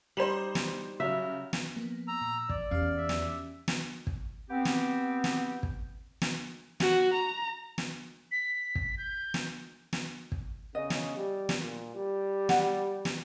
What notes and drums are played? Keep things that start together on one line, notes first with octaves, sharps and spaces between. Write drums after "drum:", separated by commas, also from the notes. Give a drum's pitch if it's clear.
G3 D#4 C5 E7 F#7
drum: snare
C#3 F#3 E5
drum: snare
F3 A#3 B3
A#5 E6
A#2
F3 D5, drum: kick
E2 C#4 G4 F5
E5
drum: snare
drum: snare
drum: kick
B3 C4 G4
drum: snare
drum: snare
drum: kick
drum: snare
F#4, drum: snare
A#5
drum: snare
B6
drum: kick
G6
drum: snare
drum: snare
drum: kick
C#3 D#5
drum: snare
G3
drum: snare
A#2
G3
F#5, drum: snare
drum: snare